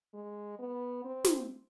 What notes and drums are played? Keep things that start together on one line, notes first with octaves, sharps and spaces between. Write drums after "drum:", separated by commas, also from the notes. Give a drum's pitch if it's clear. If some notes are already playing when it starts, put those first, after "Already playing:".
G#3
B3
C4
drum: snare